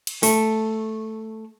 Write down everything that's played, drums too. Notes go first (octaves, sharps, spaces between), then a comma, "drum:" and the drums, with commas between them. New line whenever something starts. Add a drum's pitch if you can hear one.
drum: cymbal
A3, drum: open hi-hat